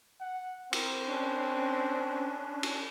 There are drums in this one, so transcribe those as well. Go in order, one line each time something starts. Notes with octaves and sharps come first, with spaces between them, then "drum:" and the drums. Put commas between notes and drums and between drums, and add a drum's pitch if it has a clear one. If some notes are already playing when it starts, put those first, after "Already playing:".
F#5
C4 A#4, drum: cymbal
C#4 D4
drum: cymbal